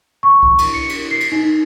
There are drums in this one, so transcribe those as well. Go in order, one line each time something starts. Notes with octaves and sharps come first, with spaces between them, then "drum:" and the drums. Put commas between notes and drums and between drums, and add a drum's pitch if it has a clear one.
C#6
drum: kick C2
drum: cymbal
C#7
drum: cymbal
C7
drum: cymbal
D#4